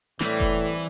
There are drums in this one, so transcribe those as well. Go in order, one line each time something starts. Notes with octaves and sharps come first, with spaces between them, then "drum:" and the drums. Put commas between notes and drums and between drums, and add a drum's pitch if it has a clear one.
A2 E3 G3 C4 G4, drum: snare
drum: kick F1